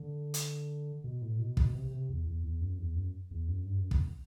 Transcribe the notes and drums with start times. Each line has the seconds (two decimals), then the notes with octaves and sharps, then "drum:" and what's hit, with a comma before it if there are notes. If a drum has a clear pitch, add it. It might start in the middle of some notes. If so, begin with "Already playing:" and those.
Already playing: D3
0.34 drum: hi-hat
1.04 B2
1.22 A2
1.39 B2
1.57 B2, drum: kick
1.74 C3
1.91 C3
2.09 E2
2.26 E2
2.43 E2
2.61 F#2
2.78 E2
2.95 F#2
3.31 E2
3.48 F#2
3.66 G2
3.78 F#2
3.91 E2, drum: kick